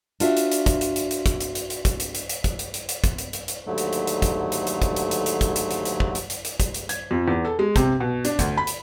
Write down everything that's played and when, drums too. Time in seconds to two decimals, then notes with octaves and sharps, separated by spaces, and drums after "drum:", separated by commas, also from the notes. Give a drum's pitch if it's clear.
0.20 D4 F4 F#4 E5, drum: hi-hat
0.37 drum: hi-hat
0.51 drum: hi-hat
0.66 drum: kick, hi-hat
0.81 drum: hi-hat
0.96 drum: hi-hat
1.11 drum: hi-hat
1.26 drum: kick, hi-hat
1.40 drum: hi-hat
1.55 drum: hi-hat
1.70 drum: hi-hat
1.85 drum: kick, hi-hat
2.00 drum: hi-hat
2.15 drum: hi-hat
2.29 drum: hi-hat
2.44 drum: kick, hi-hat
2.59 drum: hi-hat
2.74 drum: hi-hat
2.89 drum: hi-hat
3.04 drum: kick, hi-hat
3.18 drum: hi-hat
3.33 drum: hi-hat
3.48 drum: hi-hat
3.66 D#2 G#2 D3 F#3 A3
3.78 drum: hi-hat
3.93 drum: hi-hat
4.07 drum: hi-hat
4.22 drum: kick, hi-hat
4.52 drum: hi-hat
4.67 drum: hi-hat
4.82 drum: kick, hi-hat
4.96 drum: hi-hat
5.11 drum: hi-hat
5.26 drum: hi-hat
5.41 drum: kick, hi-hat
5.56 drum: hi-hat
5.71 drum: hi-hat
5.85 drum: hi-hat
6.00 drum: kick
6.15 drum: hi-hat
6.30 drum: hi-hat
6.45 drum: hi-hat
6.60 drum: kick, hi-hat
6.74 drum: hi-hat
6.89 G#6, drum: hi-hat
7.11 F2
7.28 E2
7.45 A4
7.59 G#3
7.76 C3, drum: kick, hi-hat
8.00 B2
8.25 D4, drum: hi-hat
8.39 D2, drum: kick, hi-hat
8.57 B5
8.67 drum: hi-hat